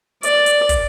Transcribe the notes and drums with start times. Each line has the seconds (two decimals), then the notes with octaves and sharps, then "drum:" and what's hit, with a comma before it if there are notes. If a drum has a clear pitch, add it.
0.23 D5, drum: hi-hat
0.46 drum: hi-hat
0.69 drum: kick, hi-hat